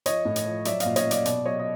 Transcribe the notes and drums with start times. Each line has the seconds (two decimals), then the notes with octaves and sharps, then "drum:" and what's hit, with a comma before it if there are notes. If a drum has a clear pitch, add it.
0.06 F3 C#5 D#5, drum: hi-hat
0.25 A2
0.36 drum: hi-hat
0.45 F3
0.65 F#3 D5 E5, drum: hi-hat
0.80 A#2 D#5 F5, drum: hi-hat
0.96 C#5 D#5, drum: hi-hat
1.06 F#3
1.11 D5, drum: hi-hat
1.25 B2 D5, drum: hi-hat
1.45 F#3 C#5 D#5
1.59 D#5